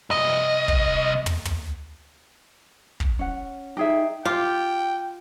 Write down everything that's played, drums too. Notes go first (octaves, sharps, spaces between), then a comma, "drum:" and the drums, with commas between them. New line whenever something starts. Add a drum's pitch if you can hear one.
C2 D#5
drum: kick
drum: tom
drum: tom
drum: kick
C#4 F#5
D#4 G4 G#4 E5
F4 G4 G5